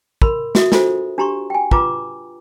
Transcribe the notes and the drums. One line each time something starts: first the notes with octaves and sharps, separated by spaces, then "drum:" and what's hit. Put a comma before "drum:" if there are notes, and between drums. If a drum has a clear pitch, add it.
A#4 B5 C6, drum: kick
F#4 E5 D#6, drum: snare
D4 F4 F#4 A4 C5, drum: snare
D4 G4 A#5 C6 C#6
G5 G#5
F4 B4 A#5 D6, drum: kick